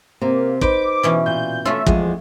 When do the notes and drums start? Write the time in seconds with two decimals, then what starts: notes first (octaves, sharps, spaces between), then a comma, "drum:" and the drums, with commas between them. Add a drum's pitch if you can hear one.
0.21 C3 A#3
0.61 D#4 B4 C5 D6, drum: kick
1.03 B2 E3 C#4
1.26 A#2 G6
1.65 A3 C#4 F4 E5
1.86 E2 F3 G#3, drum: kick